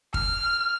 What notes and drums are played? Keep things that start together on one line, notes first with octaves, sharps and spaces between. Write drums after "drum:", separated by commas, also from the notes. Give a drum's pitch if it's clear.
F6, drum: kick